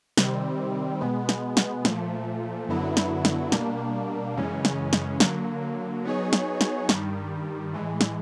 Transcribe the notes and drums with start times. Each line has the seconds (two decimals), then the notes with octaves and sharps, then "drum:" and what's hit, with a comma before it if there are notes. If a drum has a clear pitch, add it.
0.17 C3 D#3 G3 C4, drum: snare
1.01 B2 G#3 B3
1.29 drum: snare
1.57 drum: snare
1.85 A#2 F3 A3, drum: snare
2.69 F#2 D3 F#3 B3 E4
2.97 drum: snare
3.25 drum: snare
3.52 B2 G3 A#3 D4, drum: snare
4.37 F#2 C#3 E3 G#3 C#4
4.65 drum: snare
4.93 drum: snare
5.20 D3 F#3 A#3, drum: snare
6.05 F#3 B3 D#4 G#4 C#5
6.33 drum: snare
6.61 drum: snare
6.89 G2 D#3 G3, drum: snare
7.73 A2 E3 G#3
8.01 drum: snare